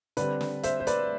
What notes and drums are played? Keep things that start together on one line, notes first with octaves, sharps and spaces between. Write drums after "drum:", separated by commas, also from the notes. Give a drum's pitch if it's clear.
D3 G3 C4 B4 D5, drum: hi-hat
drum: snare
C5 E5, drum: hi-hat
C5
B4 D5, drum: hi-hat